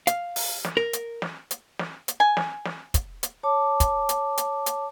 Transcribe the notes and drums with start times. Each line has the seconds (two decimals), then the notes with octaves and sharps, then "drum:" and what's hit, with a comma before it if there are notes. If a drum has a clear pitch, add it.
0.07 F5, drum: hi-hat
0.36 drum: open hi-hat
0.65 drum: snare
0.77 A#4
0.93 drum: hi-hat
1.22 drum: snare
1.51 drum: hi-hat
1.79 drum: snare
2.08 drum: hi-hat
2.20 G#5
2.37 drum: snare
2.65 drum: snare
2.94 drum: kick, hi-hat
3.23 drum: hi-hat
3.43 C#5 A5 D6
3.80 drum: kick, hi-hat
4.09 drum: hi-hat
4.38 drum: hi-hat
4.66 drum: hi-hat